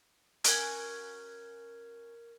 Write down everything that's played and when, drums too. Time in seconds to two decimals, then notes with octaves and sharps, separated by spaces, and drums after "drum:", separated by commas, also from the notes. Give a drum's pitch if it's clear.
0.44 C#4 F#4 A#4 G#5 F#6 G#6, drum: hi-hat